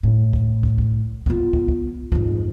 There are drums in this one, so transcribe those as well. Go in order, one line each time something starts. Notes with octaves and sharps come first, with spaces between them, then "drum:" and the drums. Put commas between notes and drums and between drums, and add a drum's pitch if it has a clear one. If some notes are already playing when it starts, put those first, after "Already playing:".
A2
drum: kick
drum: kick
drum: kick
B3 F4, drum: kick
drum: kick
drum: kick
F2 G#2, drum: kick